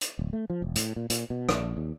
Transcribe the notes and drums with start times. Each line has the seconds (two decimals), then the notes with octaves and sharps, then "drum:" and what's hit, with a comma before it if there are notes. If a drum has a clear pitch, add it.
0.01 drum: hi-hat
0.19 D1
0.33 A3
0.50 F3
0.62 E1
0.76 A2, drum: hi-hat
0.96 A#2
1.10 A#2, drum: hi-hat
1.30 B2
1.49 A#1, drum: rim click
1.77 D#2